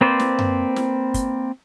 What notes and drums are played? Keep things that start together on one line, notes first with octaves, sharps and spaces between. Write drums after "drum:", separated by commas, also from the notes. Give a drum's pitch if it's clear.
A#3 C4 B4 C5 D5
drum: snare
drum: tom F#2
drum: snare
drum: kick, hi-hat